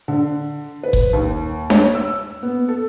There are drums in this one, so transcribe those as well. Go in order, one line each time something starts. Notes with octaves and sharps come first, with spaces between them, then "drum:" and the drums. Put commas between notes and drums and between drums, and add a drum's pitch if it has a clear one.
D3
B4
drum: kick F#1
D#2
C#5, drum: snare D4
E6
B3
A4